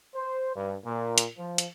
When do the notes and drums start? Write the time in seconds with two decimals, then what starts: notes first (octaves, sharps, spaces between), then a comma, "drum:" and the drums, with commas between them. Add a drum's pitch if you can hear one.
0.15 C5
0.56 G2
0.85 A#2
1.18 drum: hi-hat
1.38 F3
1.58 drum: hi-hat